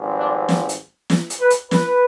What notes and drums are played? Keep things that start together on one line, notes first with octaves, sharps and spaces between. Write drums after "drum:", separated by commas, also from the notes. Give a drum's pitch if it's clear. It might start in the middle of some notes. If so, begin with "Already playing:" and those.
Already playing: G#1 G2 F3 C4
D4
drum: snare
drum: hi-hat
drum: snare
drum: hi-hat
B4
drum: hi-hat
B4, drum: snare